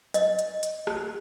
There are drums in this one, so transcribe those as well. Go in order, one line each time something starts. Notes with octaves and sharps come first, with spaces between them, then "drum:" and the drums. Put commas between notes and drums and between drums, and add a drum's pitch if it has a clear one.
D#5, drum: hi-hat
drum: hi-hat
drum: hi-hat
drum: rim click